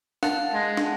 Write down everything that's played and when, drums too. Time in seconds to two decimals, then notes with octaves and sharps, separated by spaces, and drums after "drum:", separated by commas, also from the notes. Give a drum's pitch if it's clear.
0.23 F5 F#5 A5, drum: snare
0.53 G#3
0.77 drum: snare